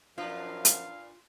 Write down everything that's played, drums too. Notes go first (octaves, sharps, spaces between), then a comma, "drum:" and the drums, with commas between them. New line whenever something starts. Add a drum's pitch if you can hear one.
F#2 A#2 F3 D4 F4 B4 F5
drum: hi-hat